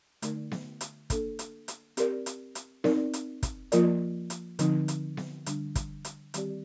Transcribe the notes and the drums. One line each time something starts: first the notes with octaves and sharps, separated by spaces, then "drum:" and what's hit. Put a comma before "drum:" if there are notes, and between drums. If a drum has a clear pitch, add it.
D3 A3 D#4 A#4 D5, drum: hi-hat
drum: snare B3
drum: hi-hat
A#3 D4 A4, drum: kick, hi-hat
drum: hi-hat
drum: hi-hat
C4 G4 A#4 D5, drum: hi-hat
drum: hi-hat
drum: hi-hat
C4 D#4 A#4 D5, drum: snare B3
drum: hi-hat
drum: kick, hi-hat
F3 A#3 F4 A#4 D5, drum: hi-hat
drum: hi-hat
D3 F3 C4 D#4, drum: hi-hat
drum: hi-hat
drum: snare B3
D3 G3 D4, drum: hi-hat
drum: kick, hi-hat
drum: hi-hat
D#3 G3 C4 G4 D5, drum: hi-hat